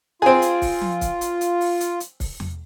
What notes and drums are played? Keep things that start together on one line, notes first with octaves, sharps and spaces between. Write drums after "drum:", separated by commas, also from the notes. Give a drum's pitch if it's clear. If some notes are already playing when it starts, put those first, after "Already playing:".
C4 F4 G#4
drum: hi-hat
drum: kick, open hi-hat
drum: tom F3
drum: kick, hi-hat
drum: hi-hat
drum: hi-hat
drum: open hi-hat
drum: hi-hat
drum: hi-hat
drum: kick, open hi-hat
drum: tom E2